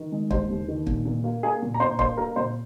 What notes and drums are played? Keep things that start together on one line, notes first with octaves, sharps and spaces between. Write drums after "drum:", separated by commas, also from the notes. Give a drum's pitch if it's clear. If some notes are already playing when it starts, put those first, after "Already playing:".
Already playing: D#3
G#3
D#2 C5, drum: kick
D#2
D#3
A#2, drum: kick
A#2
A#3
A#3 G#4 G#5
A#2
A#5
A#2 C5 C6
A#3 C5 C6, drum: kick
A#3 A#4 A#5
A#2 C5 C6